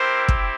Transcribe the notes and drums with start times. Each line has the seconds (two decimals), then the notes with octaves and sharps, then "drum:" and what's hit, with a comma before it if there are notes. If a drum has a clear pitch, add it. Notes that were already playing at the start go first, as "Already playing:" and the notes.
Already playing: C4 E4 G4 A#4 C5
0.28 drum: kick